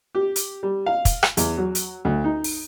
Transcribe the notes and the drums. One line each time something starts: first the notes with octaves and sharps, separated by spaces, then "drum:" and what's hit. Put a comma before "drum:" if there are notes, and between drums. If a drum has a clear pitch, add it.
G4
drum: hi-hat
G3
F5
drum: kick, hi-hat
drum: rim click
E2, drum: hi-hat
F#3
drum: hi-hat
D2
D#4
drum: open hi-hat